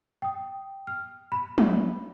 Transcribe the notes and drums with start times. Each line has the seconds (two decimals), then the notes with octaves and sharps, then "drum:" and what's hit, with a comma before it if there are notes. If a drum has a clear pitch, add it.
0.22 G5 D#6
0.87 F6
1.32 B5
1.58 drum: tom